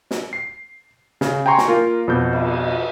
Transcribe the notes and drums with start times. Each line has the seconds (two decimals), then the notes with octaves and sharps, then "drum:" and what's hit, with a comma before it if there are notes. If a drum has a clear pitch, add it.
0.11 drum: snare
0.33 C7
1.21 C#3, drum: snare
1.46 G5 G#5 A#5 C6 C#6
1.58 drum: snare
1.68 A#3 F4 A#4
2.08 F2 B2 G6
2.33 drum: cymbal